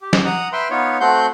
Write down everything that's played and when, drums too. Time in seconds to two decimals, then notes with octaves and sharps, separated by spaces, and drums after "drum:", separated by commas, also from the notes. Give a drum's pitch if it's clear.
0.02 G4
0.13 drum: snare
0.25 F#5 A#5 D#6
0.53 B4 E5 G5 C6
0.70 B3 D#4 F4 C#5
1.00 A3 C4 F#4 F#5 C6 G6